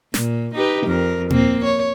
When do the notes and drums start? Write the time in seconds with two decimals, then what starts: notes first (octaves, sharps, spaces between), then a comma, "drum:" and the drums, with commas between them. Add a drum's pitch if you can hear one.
0.14 A#2, drum: snare
0.54 D#4 G4 B4
0.86 F2 A#4
1.30 A#3 C4, drum: tom
1.64 C#5